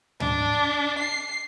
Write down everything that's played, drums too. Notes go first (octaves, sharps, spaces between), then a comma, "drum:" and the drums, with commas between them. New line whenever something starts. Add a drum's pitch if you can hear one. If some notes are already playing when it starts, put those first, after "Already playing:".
D4, drum: tom
C7